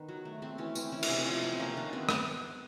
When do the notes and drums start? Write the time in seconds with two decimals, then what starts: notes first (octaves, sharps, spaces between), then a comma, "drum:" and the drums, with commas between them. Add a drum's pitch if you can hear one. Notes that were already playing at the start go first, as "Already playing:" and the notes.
Already playing: D#3 B3
0.09 F#3
0.25 A3
0.42 A3 C4
0.58 E3 C#4
0.75 E3 C4, drum: tambourine
0.92 E3 C#4
1.03 D4, drum: cymbal
1.09 C3 C#4
1.20 C4
1.26 F3 C#4
1.43 C3 C4
1.60 A#3 C#4
1.77 D#3 D4
1.93 B3 C4
2.09 drum: rim click